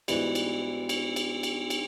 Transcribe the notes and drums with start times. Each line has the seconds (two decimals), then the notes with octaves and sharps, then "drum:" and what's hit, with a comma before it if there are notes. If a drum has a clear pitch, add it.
0.08 G#2 E3 G3 B3 F#4, drum: cymbal
0.35 drum: cymbal
0.89 drum: cymbal
1.16 drum: cymbal
1.43 drum: cymbal
1.70 drum: cymbal